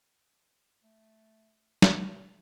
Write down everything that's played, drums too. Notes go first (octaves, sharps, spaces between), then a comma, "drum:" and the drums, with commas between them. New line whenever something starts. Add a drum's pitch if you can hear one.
A3
drum: snare
B2 F7